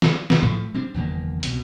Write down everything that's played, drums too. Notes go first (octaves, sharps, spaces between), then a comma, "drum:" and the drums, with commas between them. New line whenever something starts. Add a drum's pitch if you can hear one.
drum: snare
drum: snare
A2 F3 A3
G3 C4 D4
F#1 E2 D#3 A#3
C2 B2, drum: hi-hat